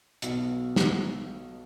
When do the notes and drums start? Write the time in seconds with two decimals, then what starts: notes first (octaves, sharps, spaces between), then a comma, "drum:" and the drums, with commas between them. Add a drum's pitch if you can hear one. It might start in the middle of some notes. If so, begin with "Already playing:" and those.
0.22 B1 B2, drum: hi-hat
0.76 drum: snare